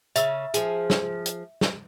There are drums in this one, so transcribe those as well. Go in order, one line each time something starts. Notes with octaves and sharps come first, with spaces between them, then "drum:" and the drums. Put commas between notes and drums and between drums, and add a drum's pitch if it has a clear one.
C#3 E5 E6, drum: hi-hat
F3 G#4, drum: hi-hat
drum: snare
drum: hi-hat
drum: snare